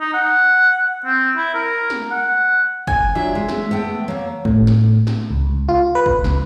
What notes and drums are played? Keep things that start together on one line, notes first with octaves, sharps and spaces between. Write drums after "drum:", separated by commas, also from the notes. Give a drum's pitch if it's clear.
D#4
F#5
C4
E4
A#4
drum: snare
F#5
G#5, drum: kick
F#3 D4 F4 E5
G#3
drum: snare
A3 B3 G5
F#3 A#3
A2, drum: kick
drum: snare
drum: snare
C#2
F4
B4
drum: kick
C#2, drum: snare